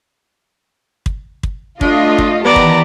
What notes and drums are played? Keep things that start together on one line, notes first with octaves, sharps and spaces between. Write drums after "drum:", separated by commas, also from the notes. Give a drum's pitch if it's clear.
drum: kick
drum: kick
A3 D4 F4 D#5, drum: kick
drum: kick
D#3 E3 B3 G4 D5 A5 A#5
drum: kick